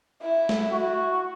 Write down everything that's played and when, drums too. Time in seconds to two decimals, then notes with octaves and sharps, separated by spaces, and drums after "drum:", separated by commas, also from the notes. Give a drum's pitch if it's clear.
0.22 E4 E5
0.49 drum: snare
0.72 F#4